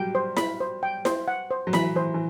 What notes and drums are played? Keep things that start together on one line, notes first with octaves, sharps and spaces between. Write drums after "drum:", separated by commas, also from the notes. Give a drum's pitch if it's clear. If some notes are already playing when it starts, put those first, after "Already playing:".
Already playing: F#3 G3 G5
C5
B5, drum: snare E4
C5
G5
C5, drum: snare E4
F#5
C5
F#3
E3 B5, drum: snare E4
E3 C5
E3